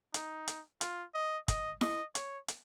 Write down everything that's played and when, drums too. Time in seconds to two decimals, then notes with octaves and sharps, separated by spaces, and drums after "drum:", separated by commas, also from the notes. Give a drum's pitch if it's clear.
0.14 D#4, drum: hi-hat
0.48 drum: hi-hat
0.81 F4, drum: hi-hat
1.14 D#5
1.48 D#5, drum: kick, hi-hat
1.81 D#5, drum: snare E4
2.15 C#5, drum: hi-hat
2.48 drum: hi-hat